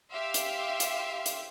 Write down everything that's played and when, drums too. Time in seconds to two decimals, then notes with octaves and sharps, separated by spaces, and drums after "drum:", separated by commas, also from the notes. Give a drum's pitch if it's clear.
0.11 G4 E5 F5 C6
0.34 drum: hi-hat
0.80 drum: hi-hat
1.26 drum: hi-hat